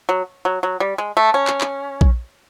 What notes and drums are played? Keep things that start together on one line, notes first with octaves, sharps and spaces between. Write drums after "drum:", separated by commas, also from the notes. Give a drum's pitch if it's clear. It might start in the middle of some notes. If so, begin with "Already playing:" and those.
F#3
F#3
F#3
G3
G#3
A3
C#4
drum: clap
drum: clap
drum: kick A#1